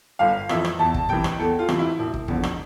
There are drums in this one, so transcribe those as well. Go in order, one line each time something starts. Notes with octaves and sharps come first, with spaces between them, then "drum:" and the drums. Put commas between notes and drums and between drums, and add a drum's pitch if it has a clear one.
G1 F5
F2 E3 E5, drum: rim click
drum: rim click
E2 A5
drum: kick
C3 E3 G5, drum: kick
drum: rim click
E2 A4
F4
C3 E3, drum: rim click
E4
E1
drum: kick
E2 D3 F3, drum: kick
drum: rim click